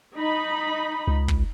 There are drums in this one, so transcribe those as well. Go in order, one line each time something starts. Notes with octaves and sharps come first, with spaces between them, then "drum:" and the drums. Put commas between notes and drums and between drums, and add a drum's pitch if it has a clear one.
D#4 B5
C#2
drum: kick